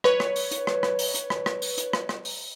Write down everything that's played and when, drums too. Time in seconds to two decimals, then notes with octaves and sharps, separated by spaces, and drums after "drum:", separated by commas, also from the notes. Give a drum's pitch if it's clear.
0.04 B4 C#5, drum: rim click
0.20 drum: rim click
0.36 drum: open hi-hat
0.52 drum: hi-hat
0.67 drum: rim click
0.83 drum: rim click
0.99 drum: open hi-hat
1.15 drum: hi-hat
1.30 drum: rim click
1.46 drum: rim click
1.62 drum: open hi-hat
1.78 drum: hi-hat
1.93 drum: rim click
2.09 drum: rim click
2.25 drum: open hi-hat